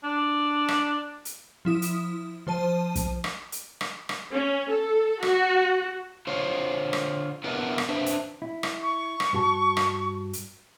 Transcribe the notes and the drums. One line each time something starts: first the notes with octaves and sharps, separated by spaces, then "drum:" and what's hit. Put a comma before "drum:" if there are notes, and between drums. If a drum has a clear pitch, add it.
D4
drum: rim click
drum: hi-hat
F3 E4 D#6
drum: hi-hat
F3 C5 A5 D#7
drum: kick, hi-hat
drum: rim click
drum: hi-hat
drum: rim click
drum: rim click
C#4
A4
F#4, drum: rim click
D3 F4 C5 C#5
drum: rim click
B3 D4 E4 F4 A#4 B4
drum: rim click
D4 B4 C5 E5
drum: hi-hat
E4
drum: rim click
C#6
drum: rim click
G2 F#4 A5
drum: rim click
drum: hi-hat